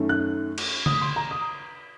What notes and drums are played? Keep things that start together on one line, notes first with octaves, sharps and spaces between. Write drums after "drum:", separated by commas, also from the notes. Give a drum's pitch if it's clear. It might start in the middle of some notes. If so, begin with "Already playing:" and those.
Already playing: F#2 D#3 A3 C#4
F#6
drum: cymbal
D#6, drum: tom
C6
A#5
D#6